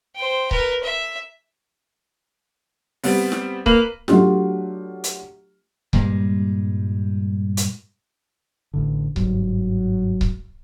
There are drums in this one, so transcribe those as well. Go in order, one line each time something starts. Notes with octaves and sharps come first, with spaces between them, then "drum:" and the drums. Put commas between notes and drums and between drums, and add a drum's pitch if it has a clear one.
C5 G5
A#4 B4, drum: kick C#1
E5
G3 B3 C4, drum: open hi-hat
drum: snare
A#3 B4, drum: kick C#1
F#3 A3 D4 F4 G4, drum: snare
drum: hi-hat
G2 A#2 G3 G#3, drum: kick C#1
drum: hi-hat
A1 A2 D3
G1 G#2 F#3, drum: kick C#1
drum: kick C#1